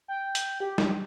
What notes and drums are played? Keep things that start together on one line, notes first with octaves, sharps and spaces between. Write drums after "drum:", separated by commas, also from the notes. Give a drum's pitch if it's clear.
G5
drum: hi-hat
G4
drum: snare